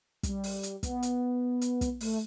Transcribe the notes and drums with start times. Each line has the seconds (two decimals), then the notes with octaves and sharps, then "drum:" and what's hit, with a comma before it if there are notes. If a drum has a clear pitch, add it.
0.23 G3, drum: kick, hi-hat
0.44 drum: open hi-hat
0.63 drum: hi-hat
0.83 B3, drum: kick, hi-hat
1.03 drum: hi-hat
1.61 drum: hi-hat
1.81 drum: kick, hi-hat
2.01 A3, drum: open hi-hat